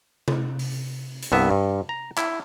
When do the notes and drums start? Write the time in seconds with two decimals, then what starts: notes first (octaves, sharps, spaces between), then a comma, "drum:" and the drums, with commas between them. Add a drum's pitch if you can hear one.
0.28 drum: tom C3
0.59 drum: open hi-hat
1.23 drum: hi-hat
1.32 C2 G2 B3 E5
1.51 G2
1.89 A#5
2.17 E4, drum: clap